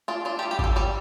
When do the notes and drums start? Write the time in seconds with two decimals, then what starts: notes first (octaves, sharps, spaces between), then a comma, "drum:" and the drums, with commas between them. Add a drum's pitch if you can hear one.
0.08 D4 F4
0.25 D4 F4
0.39 G4
0.43 G3
0.51 G4
0.59 D4 A4, drum: kick G#1
0.76 G3 D5